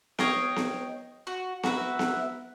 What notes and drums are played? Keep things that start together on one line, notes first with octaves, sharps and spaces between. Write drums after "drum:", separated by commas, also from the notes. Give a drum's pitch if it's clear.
C#5 D#5 F5 G5, drum: snare B3
drum: snare B3
F#4
F#4 A#4 B4 E5, drum: snare B3
drum: snare B3